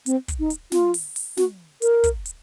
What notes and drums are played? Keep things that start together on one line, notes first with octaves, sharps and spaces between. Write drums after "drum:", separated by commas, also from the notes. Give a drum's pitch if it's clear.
C4, drum: hi-hat
drum: kick, hi-hat
D#4
drum: hi-hat
F4, drum: snare
drum: open hi-hat
drum: open hi-hat
F#4, drum: snare
A#4, drum: hi-hat
drum: kick, hi-hat
drum: hi-hat